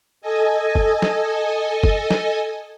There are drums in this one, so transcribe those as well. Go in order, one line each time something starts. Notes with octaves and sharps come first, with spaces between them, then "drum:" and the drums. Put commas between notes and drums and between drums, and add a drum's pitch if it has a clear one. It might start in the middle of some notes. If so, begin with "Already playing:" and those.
A4 D#5 G#5
drum: kick
drum: snare
drum: kick
drum: snare